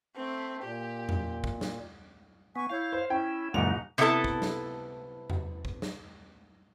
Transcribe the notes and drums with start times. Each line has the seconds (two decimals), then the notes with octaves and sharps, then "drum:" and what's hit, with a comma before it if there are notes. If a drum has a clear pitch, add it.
0.16 A3 C4
0.63 A#2 G4
1.09 drum: tom E2
1.44 drum: kick
1.61 drum: snare
2.56 B3 G#5 C#6
2.69 E4 C#5 F5 G6
2.93 C5
3.10 C#4 E4 G5
3.54 D#1 C#2 F#2 A#2 D4 D#4 F#5 F7
3.98 C3 B3 D4 E4 A4 A5
4.24 drum: kick
4.42 drum: snare
5.30 drum: tom E2
5.65 drum: kick
5.82 drum: snare